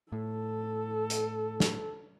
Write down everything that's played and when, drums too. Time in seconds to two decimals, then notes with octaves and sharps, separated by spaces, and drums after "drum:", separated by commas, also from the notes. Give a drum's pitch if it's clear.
0.12 A2 A4
1.10 drum: hi-hat
1.60 drum: snare